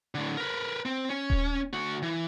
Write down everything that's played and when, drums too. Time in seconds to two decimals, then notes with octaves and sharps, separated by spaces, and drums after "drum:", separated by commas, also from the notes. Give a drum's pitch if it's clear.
0.15 A2 D3
0.37 A#4 B4
0.86 C4
1.10 C#4
1.30 drum: kick D#1
1.73 D2 F#4
2.02 E3